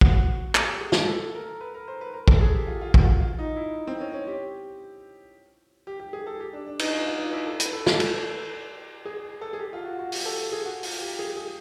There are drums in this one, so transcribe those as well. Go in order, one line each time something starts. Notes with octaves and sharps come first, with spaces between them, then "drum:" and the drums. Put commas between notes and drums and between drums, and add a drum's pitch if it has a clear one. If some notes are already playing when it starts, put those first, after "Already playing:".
F#4, drum: kick
G4, drum: clap
G#4
drum: snare
A4
A#4
B4
A#4
C5
B4
A#4
A4, drum: kick
G#4
G4
F4
F4
F#4, drum: kick
F4
D#4
E4
C4
C#4
C#4
G4
G4
G4
G#4
A4
G4
D4
D4
D#4, drum: cymbal
F4
F4
D#4
E4
A4
B4, drum: hi-hat
A4
A4, drum: snare
drum: cymbal
G#4
A4
G#4
G4
F4
F#4
F#4
G4, drum: open hi-hat
A4
G#4
F#4
F4, drum: open hi-hat
G4
G#4
G#4